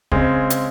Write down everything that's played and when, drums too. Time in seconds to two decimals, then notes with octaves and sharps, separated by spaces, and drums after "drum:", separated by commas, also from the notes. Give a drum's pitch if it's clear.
0.12 C#3 G#3 C4, drum: kick
0.50 drum: hi-hat